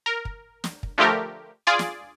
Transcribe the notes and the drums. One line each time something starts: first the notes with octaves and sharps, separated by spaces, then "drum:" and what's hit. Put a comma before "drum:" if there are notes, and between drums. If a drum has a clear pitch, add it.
A#4
drum: kick
drum: snare
drum: kick
D3 F3 A3 G4 A#4
F4 G#4 D5
drum: snare